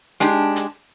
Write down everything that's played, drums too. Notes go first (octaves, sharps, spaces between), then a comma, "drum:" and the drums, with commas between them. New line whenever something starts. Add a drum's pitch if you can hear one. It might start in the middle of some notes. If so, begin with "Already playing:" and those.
G#3 D4 D#4 G4, drum: hi-hat
drum: hi-hat